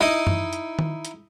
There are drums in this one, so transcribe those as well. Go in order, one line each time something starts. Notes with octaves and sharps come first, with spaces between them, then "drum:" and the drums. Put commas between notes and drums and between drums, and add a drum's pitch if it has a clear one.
D#4 E4 D#5
drum: tom F#2
drum: hi-hat
drum: tom D#3
drum: hi-hat